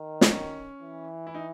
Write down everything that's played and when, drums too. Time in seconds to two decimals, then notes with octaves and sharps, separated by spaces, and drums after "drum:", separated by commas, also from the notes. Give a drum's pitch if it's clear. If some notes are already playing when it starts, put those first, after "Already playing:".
Already playing: D#3
0.21 D4, drum: snare
0.29 C#4
0.82 E3
1.27 E4
1.35 D#4